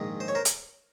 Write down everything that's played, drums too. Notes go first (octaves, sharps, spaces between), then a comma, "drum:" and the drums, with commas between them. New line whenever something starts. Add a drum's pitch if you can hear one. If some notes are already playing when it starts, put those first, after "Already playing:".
Already playing: A#1 G#2 D#3 G#3
C5
C#5
A#4 C5
drum: hi-hat